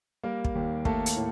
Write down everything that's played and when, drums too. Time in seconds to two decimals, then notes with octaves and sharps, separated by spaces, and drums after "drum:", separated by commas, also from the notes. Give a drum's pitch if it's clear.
0.23 G3 A#3 A#4
0.45 drum: kick
0.55 D#2
0.85 A3 A#3 A4, drum: kick
1.06 drum: hi-hat
1.16 A2